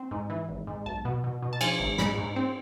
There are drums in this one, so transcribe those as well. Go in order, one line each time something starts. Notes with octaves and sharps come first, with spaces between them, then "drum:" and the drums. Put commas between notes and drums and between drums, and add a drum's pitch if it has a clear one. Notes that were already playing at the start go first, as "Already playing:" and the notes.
Already playing: C4
G#2
E3
G#1
G#2
B1 A5
B2
B2
B2
A5
F3 G#5, drum: cymbal
G#1
G#2 B5, drum: snare
G#2
C4